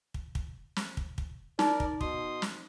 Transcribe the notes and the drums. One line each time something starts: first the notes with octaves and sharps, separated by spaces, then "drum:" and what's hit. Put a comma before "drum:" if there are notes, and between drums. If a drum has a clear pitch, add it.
drum: kick
drum: kick
drum: snare
drum: kick
drum: kick
D#4 A#4 D5, drum: snare
drum: kick
B2 C6 D#6, drum: kick
drum: snare